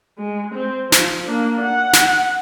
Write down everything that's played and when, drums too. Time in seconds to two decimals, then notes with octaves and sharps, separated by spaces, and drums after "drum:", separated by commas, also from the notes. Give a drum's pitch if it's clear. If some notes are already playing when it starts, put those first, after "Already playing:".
0.18 G#3
0.55 C4
0.92 F3, drum: snare
1.25 A#3 D4
1.61 F#5
1.93 drum: snare